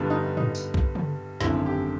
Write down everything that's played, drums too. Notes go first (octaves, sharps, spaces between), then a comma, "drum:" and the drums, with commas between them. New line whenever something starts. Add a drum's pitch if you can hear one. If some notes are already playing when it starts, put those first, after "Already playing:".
Already playing: G2 D3 G3 B3 D4
D#4
D#4, drum: tom
drum: tambourine
drum: kick B1
drum: tom
G#1 F#2 D3 E4, drum: snare
G4